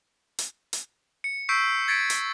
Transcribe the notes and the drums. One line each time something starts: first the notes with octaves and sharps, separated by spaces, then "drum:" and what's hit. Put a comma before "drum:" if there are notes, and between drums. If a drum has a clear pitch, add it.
drum: hi-hat
drum: hi-hat
C#7
C#6 E6 G6 B6 C7 D7
G#6 A6 B6 C#7 D7
drum: hi-hat